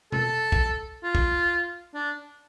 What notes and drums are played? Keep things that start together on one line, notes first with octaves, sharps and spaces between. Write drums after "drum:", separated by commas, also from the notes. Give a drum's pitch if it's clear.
A4, drum: tom B2
drum: kick
F4
drum: kick
D4